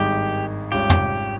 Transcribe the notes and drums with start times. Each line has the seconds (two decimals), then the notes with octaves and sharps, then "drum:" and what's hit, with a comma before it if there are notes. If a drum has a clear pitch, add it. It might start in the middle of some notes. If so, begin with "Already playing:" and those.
Already playing: G#1 G2 D#3 G#3 D#4 G4
0.72 G#1 G#2 G3 C#4 F4 G4, drum: hi-hat
0.90 drum: tom